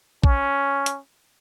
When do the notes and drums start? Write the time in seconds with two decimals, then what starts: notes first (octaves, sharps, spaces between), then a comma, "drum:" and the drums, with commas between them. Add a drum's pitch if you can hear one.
0.24 C#4, drum: kick
0.86 drum: hi-hat